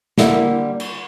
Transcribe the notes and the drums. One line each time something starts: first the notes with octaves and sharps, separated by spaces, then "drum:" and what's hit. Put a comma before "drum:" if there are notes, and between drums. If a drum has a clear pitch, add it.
D3 G3 A#3 E4, drum: snare
drum: cymbal